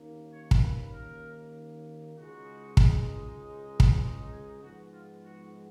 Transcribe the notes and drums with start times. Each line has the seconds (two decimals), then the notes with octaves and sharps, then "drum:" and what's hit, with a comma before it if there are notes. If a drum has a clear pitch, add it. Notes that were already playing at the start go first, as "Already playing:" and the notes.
Already playing: D#2 D#3 A#3 C#4
0.30 C#5
0.51 drum: kick
0.61 B4
0.92 A#4
2.15 C#2 C#3 G#3 D#4 F#4
2.77 drum: kick
3.80 drum: kick
4.01 F#4
4.31 G#4
4.62 G#2 F3 G#3 B3 F#4
4.92 F4
5.23 F#4